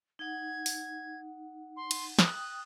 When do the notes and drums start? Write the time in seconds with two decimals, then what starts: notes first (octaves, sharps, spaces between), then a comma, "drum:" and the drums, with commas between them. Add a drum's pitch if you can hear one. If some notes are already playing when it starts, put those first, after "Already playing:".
0.19 D#4 F#5 G#6
0.66 drum: open hi-hat
1.76 C6
1.91 drum: cymbal
2.19 G5 D#6 F#6, drum: snare